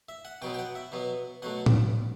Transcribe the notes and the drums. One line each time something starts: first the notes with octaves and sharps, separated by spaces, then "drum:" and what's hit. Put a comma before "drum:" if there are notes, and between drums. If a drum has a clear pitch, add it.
E5
F#5
B2 F#3 B3 G5
G5
F#5
E5
B2 F#3 B3
B2 F#3 A3 F#5
drum: tom A2